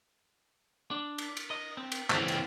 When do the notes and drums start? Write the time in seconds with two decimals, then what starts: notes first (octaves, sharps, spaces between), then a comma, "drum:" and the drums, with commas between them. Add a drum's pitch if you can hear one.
0.91 D4
1.18 drum: cymbal
1.37 drum: cymbal
1.51 D#5
1.77 C4
1.92 drum: cymbal
2.10 C#2 E3 C4 G4, drum: clap
2.28 drum: cymbal